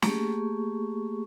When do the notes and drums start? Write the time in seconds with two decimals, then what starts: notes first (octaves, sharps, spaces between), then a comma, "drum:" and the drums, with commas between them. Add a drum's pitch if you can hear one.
0.02 A3 A#3 G4 G#4 C#6, drum: snare